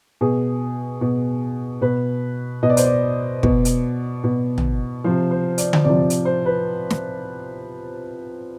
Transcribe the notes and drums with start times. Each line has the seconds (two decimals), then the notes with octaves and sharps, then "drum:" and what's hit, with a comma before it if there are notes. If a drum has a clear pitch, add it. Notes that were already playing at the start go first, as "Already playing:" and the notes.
0.21 B2 G#4
1.01 B2
1.81 B2 B4
2.63 B2 D#5
2.70 D5
2.77 C5, drum: hi-hat
2.84 D5
3.43 B2, drum: kick
3.65 drum: hi-hat
4.24 B2
4.58 drum: tom
5.04 C3 F3 C5
5.31 C5
5.58 D5, drum: hi-hat
5.73 drum: tom D3
5.84 C3 F3 D5
6.10 drum: hi-hat
6.25 C5
6.46 B4
6.90 drum: snare